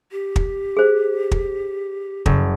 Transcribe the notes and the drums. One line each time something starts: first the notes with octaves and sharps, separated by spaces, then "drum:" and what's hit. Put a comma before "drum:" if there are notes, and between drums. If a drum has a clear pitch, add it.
G4
drum: kick
G#4 C5
drum: kick
F#1, drum: kick